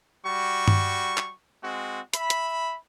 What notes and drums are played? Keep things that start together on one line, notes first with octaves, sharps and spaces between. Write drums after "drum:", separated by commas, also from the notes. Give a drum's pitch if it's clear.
G3 F#4 C#6
drum: tom G2
drum: clap
G#3 C4 F#4
E5 B5, drum: hi-hat
drum: hi-hat